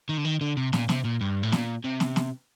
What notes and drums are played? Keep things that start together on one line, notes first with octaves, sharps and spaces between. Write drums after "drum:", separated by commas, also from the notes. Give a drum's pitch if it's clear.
D#3
D3
D#3
D3
C3
A#2, drum: snare
C3, drum: snare
A#2
G2
A2
A#2, drum: snare
C3
drum: snare
drum: snare